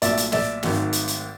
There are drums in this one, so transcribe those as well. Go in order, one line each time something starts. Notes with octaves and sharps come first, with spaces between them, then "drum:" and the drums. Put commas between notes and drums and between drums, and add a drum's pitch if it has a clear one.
B1 A#2 F#3 A3 D5 E5, drum: hi-hat
drum: hi-hat
D5 E5, drum: snare
G#1 G#2 D#3 F#3 A3, drum: snare
drum: hi-hat
drum: hi-hat